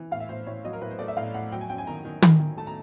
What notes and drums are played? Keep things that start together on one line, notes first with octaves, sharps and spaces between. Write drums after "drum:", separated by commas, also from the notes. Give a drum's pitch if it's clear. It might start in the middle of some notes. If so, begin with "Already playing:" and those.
Already playing: E3
A2 F5
E5
A2 C5
A2 C#5
F#3 D#5
A#4
A2 B4
C5
A3 D5
E5
A2 F5
A2 F#5
F#3 G5
G#5
F#2 G5
G#5
D#3 A#5
D#3
D#3, drum: tom
D#3
A3 A5
A#5